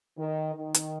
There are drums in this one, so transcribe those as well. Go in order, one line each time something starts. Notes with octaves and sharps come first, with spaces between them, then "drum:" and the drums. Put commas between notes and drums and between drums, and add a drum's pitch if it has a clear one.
D#3
D#3
drum: hi-hat